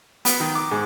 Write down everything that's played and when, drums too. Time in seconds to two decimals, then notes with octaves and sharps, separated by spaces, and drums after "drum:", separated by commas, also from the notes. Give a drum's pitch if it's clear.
0.25 B3, drum: hi-hat
0.40 D#3
0.55 D6
0.71 G#2